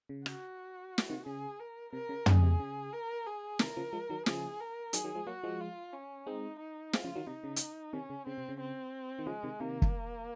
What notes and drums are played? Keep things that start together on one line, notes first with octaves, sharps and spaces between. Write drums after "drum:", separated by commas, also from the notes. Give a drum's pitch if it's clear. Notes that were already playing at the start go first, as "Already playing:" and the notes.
C#3
F#4, drum: rim click
drum: snare
C3 D#3
C#3 G#4
A#4
C3 A#4
C#3
C3 D#3 G#4, drum: tom
C3
C#3
A#4
G#4
C3 D#3 A#4, drum: snare
C#3 F3
F3 G#3
D#3 F#3
C#3 F3 G#4, drum: snare
A#4
D#3 F#3 G#4, drum: hi-hat
D#3 F#3
F3 G#3
F#3 A#3 F#4
F3 G#3
F4
C#4
G#3 C4 D#4
D#4
G#3 C4 F4, drum: snare
C#3 F3
D#3 F#3
C3 D#4
C#3
drum: hi-hat
C3 D#3 C#4
C#3
C#3 C4
C3
C#3
C4
D#3
C#3 F3 G#3
C3 D#3
C3 D#3 A#3
drum: kick